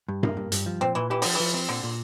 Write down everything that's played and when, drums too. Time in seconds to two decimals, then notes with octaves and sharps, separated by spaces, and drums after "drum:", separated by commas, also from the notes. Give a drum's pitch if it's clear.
0.08 G2
0.23 A#3, drum: tom G2
0.37 G2
0.52 G2, drum: hi-hat
0.66 F3
0.81 A#2 C4
0.95 A#2 E3
1.10 E3 G4
1.22 D3 F3, drum: open hi-hat
1.35 E3 F3
1.54 C4
1.69 A#2 D3
1.83 A#2